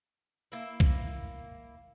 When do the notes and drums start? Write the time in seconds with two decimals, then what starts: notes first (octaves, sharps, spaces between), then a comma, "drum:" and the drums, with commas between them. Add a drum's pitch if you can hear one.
0.52 A#3 E4
0.80 drum: kick B1